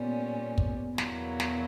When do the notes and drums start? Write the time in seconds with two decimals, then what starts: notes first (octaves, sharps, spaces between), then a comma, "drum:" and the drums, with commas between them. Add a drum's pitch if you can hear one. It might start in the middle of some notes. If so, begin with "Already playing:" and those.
Already playing: A#2 G3 B3 C#4
0.58 drum: kick
0.98 E2 B2 F#3 A#3 E4, drum: snare
1.40 drum: snare